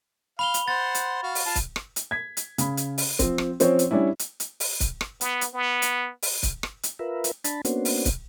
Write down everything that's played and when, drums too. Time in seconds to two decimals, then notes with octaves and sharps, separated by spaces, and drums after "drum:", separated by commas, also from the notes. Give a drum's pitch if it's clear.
0.39 F5 B5 F7 G7
0.54 drum: hi-hat
0.68 C5 F#5 A6
0.95 drum: hi-hat
1.23 F#4 F5
1.35 drum: open hi-hat
1.46 F4 A5
1.55 drum: kick C#1, hi-hat
1.76 drum: rim click
1.96 drum: hi-hat
2.11 G#6 B6
2.37 drum: hi-hat
2.58 C#3 B5, drum: hi-hat
2.77 drum: hi-hat
2.98 drum: open hi-hat
3.19 F3 C4, drum: kick C#1, hi-hat
3.38 drum: rim click
3.60 F3 C4 C#4 C5 C#5, drum: hi-hat
3.79 drum: hi-hat
3.91 G3 C#4 D4 E4
4.19 drum: hi-hat
4.40 drum: hi-hat
4.60 drum: open hi-hat
4.80 drum: kick C#1, hi-hat
5.01 drum: rim click
5.21 B3, drum: hi-hat
5.41 drum: hi-hat
5.54 B3
5.82 drum: hi-hat
6.22 drum: open hi-hat
6.43 drum: kick C#1, hi-hat
6.63 drum: rim click
6.83 drum: hi-hat
6.99 F4 A#4 B4 E5
7.24 drum: hi-hat
7.44 D4 A5 B5, drum: hi-hat
7.65 A#3 B3 C#4 D4 F#4 C5, drum: hi-hat
7.85 drum: open hi-hat
8.05 drum: kick C#1, hi-hat